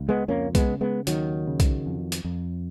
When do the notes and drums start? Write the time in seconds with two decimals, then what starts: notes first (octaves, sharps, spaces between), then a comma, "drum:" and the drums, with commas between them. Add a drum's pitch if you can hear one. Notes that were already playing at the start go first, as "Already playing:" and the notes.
Already playing: C#2
0.09 G#3 B3
0.28 F2 A#3 C#4
0.55 G#3 B3, drum: kick B1, hi-hat
0.68 C#3
0.81 G#3 B3
1.07 D#2 D#3 F#3, drum: hi-hat
1.47 C#3
1.60 drum: kick B1, hi-hat
1.86 F2
2.12 drum: hi-hat
2.24 F2